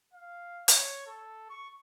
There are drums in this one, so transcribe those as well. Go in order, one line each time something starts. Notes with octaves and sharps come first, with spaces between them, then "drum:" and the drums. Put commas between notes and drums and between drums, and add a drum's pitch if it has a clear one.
F5
C#5, drum: hi-hat
A4
C#6